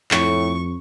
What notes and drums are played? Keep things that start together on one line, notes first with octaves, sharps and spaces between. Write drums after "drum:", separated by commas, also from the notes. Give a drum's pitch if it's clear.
F2 A2 C#6, drum: clap